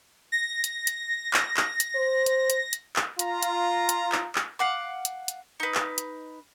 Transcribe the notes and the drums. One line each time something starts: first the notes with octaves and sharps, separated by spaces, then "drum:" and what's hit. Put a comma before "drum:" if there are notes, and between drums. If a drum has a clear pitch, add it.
A#6
drum: hi-hat
drum: hi-hat
drum: clap
drum: clap
drum: hi-hat
C5
drum: hi-hat
drum: hi-hat
drum: hi-hat
drum: clap
F4 A#5, drum: hi-hat
drum: hi-hat
drum: hi-hat
drum: clap
drum: clap
F5 F#5 D6
drum: hi-hat
drum: hi-hat
D#4 B4
drum: clap
drum: hi-hat